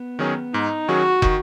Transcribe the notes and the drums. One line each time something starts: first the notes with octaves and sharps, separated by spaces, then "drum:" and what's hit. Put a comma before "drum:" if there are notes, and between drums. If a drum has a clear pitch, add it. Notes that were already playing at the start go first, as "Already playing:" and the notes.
Already playing: B3
D#3 F#3 C#4 G#4
G#2 D#4
D#3 F#3 C#4 F#4 G#4
D#3, drum: kick